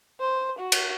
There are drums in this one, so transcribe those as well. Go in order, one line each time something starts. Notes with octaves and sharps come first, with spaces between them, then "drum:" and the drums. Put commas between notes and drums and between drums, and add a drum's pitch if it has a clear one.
C5
F#4
drum: cymbal